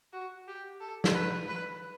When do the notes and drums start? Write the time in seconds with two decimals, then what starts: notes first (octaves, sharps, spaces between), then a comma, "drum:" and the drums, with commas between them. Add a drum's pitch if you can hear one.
0.13 F#4
0.48 G4
0.80 A4
1.04 drum: snare
1.14 B4
1.48 B4